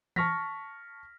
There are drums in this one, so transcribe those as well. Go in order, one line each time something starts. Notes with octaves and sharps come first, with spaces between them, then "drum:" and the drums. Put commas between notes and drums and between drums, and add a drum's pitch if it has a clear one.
A5 C#6 F6 A#6 B6, drum: tom E3